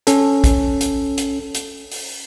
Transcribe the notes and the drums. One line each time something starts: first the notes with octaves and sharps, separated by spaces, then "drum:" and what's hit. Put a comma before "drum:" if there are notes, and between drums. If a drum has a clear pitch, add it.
C#4 A4, drum: hi-hat
drum: kick, hi-hat
drum: hi-hat
drum: hi-hat
drum: hi-hat
drum: open hi-hat